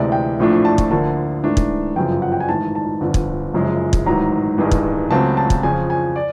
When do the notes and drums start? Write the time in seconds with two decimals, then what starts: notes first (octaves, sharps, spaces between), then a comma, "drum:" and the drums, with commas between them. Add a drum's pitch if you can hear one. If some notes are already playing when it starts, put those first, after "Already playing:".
Already playing: D2 C3 E3 G#3 D5
0.12 G5
0.39 A#1 A2 F3 A3 D4
0.65 A5
0.78 drum: kick
0.91 D2 D3 F3 A#3 A5
1.44 G#2 E3 A3 D4
1.57 drum: kick
1.96 G1 F#2 C#3 F3 G5
2.22 F#5
2.32 G5
2.40 G#5
2.49 A1 G#2 D#3 A5
2.75 A5
3.01 G1 F2 D3
3.14 drum: kick
3.54 F#1 F#2 C#3 F3 G#3
3.93 drum: kick
4.06 A1 G#2 D#3 F#3 A#5
4.58 A1 G2 D#3 G#3
4.71 drum: kick
5.11 C#2 C#3 F#3 A3 C4 A5
5.37 A5
5.50 drum: kick
5.63 F2 C#3 F3 G#5
5.90 G#5
6.16 D5